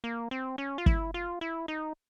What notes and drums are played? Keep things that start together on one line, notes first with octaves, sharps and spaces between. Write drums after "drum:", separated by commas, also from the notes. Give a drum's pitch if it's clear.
A#3
C4
C#4
F4
E4, drum: kick
F4
E4
D#4